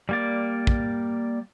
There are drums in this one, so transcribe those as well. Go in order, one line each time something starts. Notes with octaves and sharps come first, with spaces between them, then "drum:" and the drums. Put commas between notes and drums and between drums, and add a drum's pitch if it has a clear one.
G3 A#3 D5
drum: kick